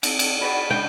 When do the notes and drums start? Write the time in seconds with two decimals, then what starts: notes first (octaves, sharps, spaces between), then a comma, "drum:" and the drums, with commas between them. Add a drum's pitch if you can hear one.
0.03 C4, drum: cymbal
0.19 drum: cymbal
0.41 F#4 G#4 B4 D5 B5
0.70 C#3 G#3 C#4 D4 G5